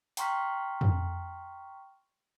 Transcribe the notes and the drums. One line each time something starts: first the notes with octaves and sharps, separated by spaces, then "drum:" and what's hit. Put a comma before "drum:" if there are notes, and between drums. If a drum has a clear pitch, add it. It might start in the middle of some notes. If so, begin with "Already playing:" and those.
G5 A#5 C6 C#6 F6 B6, drum: hi-hat
drum: tom F2